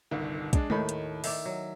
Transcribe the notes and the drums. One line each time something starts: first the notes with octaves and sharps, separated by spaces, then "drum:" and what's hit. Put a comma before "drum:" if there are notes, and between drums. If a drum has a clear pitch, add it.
G1 C2 D#3
G#3 D4, drum: kick, hi-hat
D#2 A2 D#3 A3 B5, drum: tom G#3
drum: hi-hat
D#3 D5 E5, drum: open hi-hat
F#3